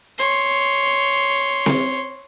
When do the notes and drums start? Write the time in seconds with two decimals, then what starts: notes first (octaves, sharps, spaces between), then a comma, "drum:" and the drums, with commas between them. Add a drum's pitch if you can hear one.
0.18 C#5 C6
1.66 drum: snare C4